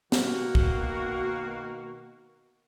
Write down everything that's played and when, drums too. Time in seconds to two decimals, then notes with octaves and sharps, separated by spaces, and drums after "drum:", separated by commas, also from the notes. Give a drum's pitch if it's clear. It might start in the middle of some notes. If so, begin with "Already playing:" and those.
0.12 B2 D#3 A#3 F#4, drum: snare
0.55 drum: kick